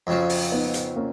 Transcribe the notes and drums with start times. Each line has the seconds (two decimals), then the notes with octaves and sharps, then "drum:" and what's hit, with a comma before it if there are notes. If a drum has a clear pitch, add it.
0.07 F2 C#3 F#3
0.29 drum: open hi-hat
0.52 B3 D#4
0.74 drum: hi-hat
0.96 A#3 C#4